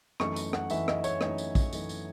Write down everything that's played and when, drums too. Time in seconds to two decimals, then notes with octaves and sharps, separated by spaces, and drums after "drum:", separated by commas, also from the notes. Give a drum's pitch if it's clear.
0.20 F#2 E3 A3 D#4 C#6, drum: rim click
0.36 drum: tambourine
0.53 F#5, drum: rim click
0.70 F#2 E3 A3 D#4 E5, drum: tambourine
0.88 D#5, drum: rim click
1.04 C#5, drum: tambourine
1.21 F#2 E3 A3 D#4 D#5, drum: rim click
1.38 drum: tambourine
1.55 drum: kick, tambourine
1.73 F#2 E3 A3 D#4, drum: tambourine
1.89 drum: tambourine